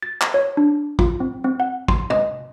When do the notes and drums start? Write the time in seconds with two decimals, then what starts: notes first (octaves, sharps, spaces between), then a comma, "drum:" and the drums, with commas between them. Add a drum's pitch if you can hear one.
0.03 A6
0.21 drum: clap
0.34 C#5
0.57 D4
0.99 F4, drum: kick
1.20 C4
1.44 C4
1.60 F#5
1.88 C6, drum: kick
2.10 D#5, drum: tom